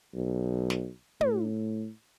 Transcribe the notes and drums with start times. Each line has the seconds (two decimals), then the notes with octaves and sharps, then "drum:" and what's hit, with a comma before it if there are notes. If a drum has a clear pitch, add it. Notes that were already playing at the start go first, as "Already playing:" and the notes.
0.14 B1
0.70 drum: snare
1.21 A2, drum: tom